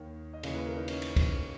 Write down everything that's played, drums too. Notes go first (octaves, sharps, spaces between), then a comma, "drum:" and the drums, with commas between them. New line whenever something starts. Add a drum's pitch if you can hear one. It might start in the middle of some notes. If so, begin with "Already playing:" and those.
Already playing: D#2 D#3 C#5
D#5
D#2 C#3 E3 C#5, drum: cymbal
B4
A#4
D#4
C#4, drum: cymbal
drum: cymbal
drum: kick, cymbal